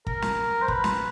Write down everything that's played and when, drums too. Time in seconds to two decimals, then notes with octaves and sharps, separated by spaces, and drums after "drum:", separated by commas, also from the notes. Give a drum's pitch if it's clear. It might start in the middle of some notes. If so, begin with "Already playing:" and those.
0.07 A#4, drum: kick
0.22 drum: snare
0.62 C5
0.68 B4, drum: kick
0.84 drum: snare